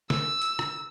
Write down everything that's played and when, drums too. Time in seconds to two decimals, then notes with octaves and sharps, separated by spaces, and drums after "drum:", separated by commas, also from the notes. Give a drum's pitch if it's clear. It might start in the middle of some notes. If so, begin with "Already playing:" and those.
0.10 E6, drum: snare
0.42 drum: hi-hat
0.59 drum: rim click